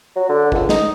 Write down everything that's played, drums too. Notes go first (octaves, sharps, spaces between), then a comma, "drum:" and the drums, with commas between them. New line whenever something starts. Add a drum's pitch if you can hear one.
F#3
D3
C#2, drum: kick
D#4, drum: snare